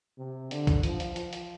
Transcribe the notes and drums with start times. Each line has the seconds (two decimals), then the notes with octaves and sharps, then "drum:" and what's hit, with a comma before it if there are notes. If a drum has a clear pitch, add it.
0.18 C3
0.51 D3, drum: hi-hat
0.67 drum: kick B1, hi-hat
0.83 F3, drum: hi-hat
1.00 drum: hi-hat
1.16 F3, drum: hi-hat
1.33 drum: hi-hat